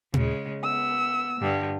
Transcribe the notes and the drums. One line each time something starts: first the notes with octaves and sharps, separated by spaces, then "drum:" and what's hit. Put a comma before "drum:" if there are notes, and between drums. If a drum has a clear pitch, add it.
C#3 G#3, drum: tom A#2
B3 E6
G2 D3